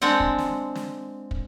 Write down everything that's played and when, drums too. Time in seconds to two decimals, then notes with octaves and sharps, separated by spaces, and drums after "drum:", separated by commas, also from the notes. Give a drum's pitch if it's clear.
0.02 G#3 C4 D4 F#5
0.20 drum: kick
0.38 drum: snare
0.75 drum: snare
1.31 drum: kick